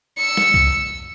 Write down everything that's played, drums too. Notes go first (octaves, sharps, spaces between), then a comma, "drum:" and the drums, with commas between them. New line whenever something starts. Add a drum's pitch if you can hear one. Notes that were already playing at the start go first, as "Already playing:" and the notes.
E6 C#7
drum: snare
drum: kick C2